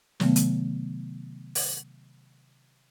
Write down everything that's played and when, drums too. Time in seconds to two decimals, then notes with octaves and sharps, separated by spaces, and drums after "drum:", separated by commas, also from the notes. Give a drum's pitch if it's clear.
0.20 C3 D#3 F#3 A3 B3, drum: snare
0.36 drum: hi-hat
1.55 drum: open hi-hat